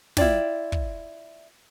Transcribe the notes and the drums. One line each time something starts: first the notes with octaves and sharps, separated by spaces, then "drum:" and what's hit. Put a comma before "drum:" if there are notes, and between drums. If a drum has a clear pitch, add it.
E4 F4 D5 G5, drum: snare
drum: kick